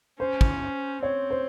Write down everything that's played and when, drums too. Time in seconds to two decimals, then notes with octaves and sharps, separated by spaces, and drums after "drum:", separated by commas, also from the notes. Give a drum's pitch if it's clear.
0.19 C#4 C5
0.41 drum: kick
1.02 C4 C#5
1.31 C5